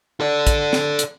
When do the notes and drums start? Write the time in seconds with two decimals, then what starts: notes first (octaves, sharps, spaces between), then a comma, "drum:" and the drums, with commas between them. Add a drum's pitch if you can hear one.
0.20 A4 D5
0.47 drum: kick, hi-hat
0.73 drum: snare
0.99 drum: hi-hat